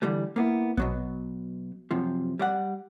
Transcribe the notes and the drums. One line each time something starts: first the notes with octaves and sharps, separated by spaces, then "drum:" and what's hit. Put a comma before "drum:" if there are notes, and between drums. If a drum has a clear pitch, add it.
D3 E3 G3 A3
A#3 B3 E4
B2 F#3 B3, drum: kick A#1
F#2 C3 F3
G3 D5 F#5